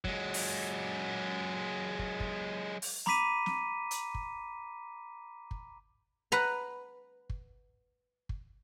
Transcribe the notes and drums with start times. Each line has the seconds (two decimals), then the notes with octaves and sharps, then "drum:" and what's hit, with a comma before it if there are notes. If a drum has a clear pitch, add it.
0.04 F#3 G#3, drum: kick
0.34 drum: open hi-hat
1.99 drum: kick
2.20 drum: kick
2.82 drum: open hi-hat
3.06 A#5 B5 D6 B6 D#7, drum: snare
3.46 drum: snare
3.91 drum: hi-hat
4.15 drum: kick
5.51 drum: kick
6.32 B4 F#5 A#5
7.30 drum: kick
8.29 drum: kick